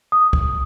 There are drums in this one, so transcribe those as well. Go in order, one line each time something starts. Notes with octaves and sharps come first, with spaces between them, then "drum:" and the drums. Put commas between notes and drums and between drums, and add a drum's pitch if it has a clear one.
D#6
drum: kick C2